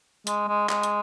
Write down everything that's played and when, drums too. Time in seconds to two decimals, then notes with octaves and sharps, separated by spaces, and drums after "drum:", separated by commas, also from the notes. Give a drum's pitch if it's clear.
0.27 G#3, drum: hi-hat
0.48 G#3
0.69 G#3, drum: clap
0.83 drum: hi-hat